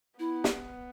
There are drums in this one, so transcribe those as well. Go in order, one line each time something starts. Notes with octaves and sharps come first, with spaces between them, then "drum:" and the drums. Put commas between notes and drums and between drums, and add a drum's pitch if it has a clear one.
B3 E4
drum: snare